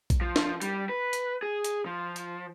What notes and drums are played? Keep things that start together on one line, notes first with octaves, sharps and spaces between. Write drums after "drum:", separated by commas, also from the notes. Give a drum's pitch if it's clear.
drum: kick A#1, hi-hat
F3
drum: snare
G3, drum: hi-hat
B4
drum: hi-hat
G#4
drum: hi-hat
F3
drum: hi-hat